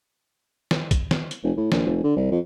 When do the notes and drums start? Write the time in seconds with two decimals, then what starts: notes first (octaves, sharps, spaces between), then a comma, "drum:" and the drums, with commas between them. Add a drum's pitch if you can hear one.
0.71 drum: snare
0.91 drum: kick, hi-hat
1.11 drum: snare
1.31 drum: hi-hat
1.43 F1
1.57 A2
1.72 A#1, drum: snare
1.86 F1
2.04 D3
2.16 C2
2.31 F2